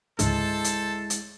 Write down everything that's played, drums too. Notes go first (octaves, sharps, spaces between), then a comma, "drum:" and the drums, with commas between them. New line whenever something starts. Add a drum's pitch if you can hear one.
C#2 G#2 D3 G#3 E4 A4 C5 A5, drum: hi-hat
drum: hi-hat
drum: hi-hat